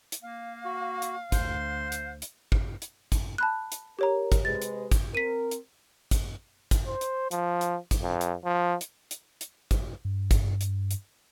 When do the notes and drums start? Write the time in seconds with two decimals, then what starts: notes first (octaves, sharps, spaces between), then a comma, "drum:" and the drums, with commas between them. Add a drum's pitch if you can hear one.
0.12 drum: hi-hat
0.22 A#3 F5
0.65 F#4
1.02 drum: hi-hat
1.32 D2 C5 C6, drum: kick, hi-hat
1.92 drum: hi-hat
2.22 drum: hi-hat
2.52 drum: kick
2.82 drum: hi-hat
3.12 drum: kick, hi-hat
3.38 A5 B5 F#6
3.72 drum: hi-hat
3.99 G4 A#4 C#5 A#5
4.32 drum: kick, hi-hat
4.45 C3 G#3 B4 A6
4.62 drum: hi-hat
4.92 drum: kick, hi-hat
5.15 C4 A#4 B6 D#7
5.51 drum: hi-hat
6.11 drum: kick, hi-hat
6.71 drum: kick, hi-hat
6.87 C5
7.01 drum: hi-hat
7.31 F3, drum: hi-hat
7.61 drum: hi-hat
7.91 drum: kick, hi-hat
8.02 F2
8.21 drum: hi-hat
8.44 F3
8.81 drum: hi-hat
9.11 drum: hi-hat
9.41 drum: hi-hat
9.71 drum: kick, hi-hat
10.05 G2
10.31 drum: kick, hi-hat
10.61 drum: hi-hat
10.91 drum: hi-hat